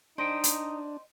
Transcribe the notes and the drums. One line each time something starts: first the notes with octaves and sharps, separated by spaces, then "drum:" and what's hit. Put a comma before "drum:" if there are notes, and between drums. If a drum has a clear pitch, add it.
D4 D#4 C5 D5 D#5 G5
drum: hi-hat